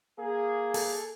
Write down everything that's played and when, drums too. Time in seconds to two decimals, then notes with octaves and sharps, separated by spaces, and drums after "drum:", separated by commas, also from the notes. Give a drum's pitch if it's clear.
0.17 A#3 G#4
0.74 A4, drum: open hi-hat